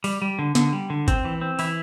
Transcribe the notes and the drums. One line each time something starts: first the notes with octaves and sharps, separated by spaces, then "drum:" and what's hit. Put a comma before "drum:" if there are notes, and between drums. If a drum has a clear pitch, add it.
G3, drum: open hi-hat
G3
D3
D3, drum: snare
G3
D3
C4, drum: kick G1, hi-hat
E3
C4
E3 E4, drum: open hi-hat